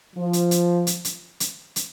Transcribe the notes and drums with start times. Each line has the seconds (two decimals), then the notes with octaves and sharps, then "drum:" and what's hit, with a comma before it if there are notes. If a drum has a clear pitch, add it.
0.15 F3
0.33 drum: hi-hat
0.51 drum: hi-hat
0.87 drum: hi-hat
1.05 drum: hi-hat
1.40 drum: hi-hat
1.76 drum: hi-hat